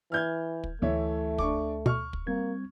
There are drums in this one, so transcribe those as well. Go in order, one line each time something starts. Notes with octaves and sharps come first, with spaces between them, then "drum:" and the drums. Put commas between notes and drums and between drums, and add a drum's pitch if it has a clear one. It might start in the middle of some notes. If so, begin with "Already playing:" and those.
E3 F6 G6 G#6
drum: kick
D2 E3 A3 C#5 E5
D4 C#6 D6, drum: kick
B2 C#6 F6
drum: kick
G3 A#3 C4 G#6